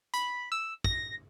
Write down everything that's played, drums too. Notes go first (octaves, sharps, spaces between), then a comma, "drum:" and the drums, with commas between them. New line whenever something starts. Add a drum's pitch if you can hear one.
B5, drum: hi-hat
E6
A#6, drum: kick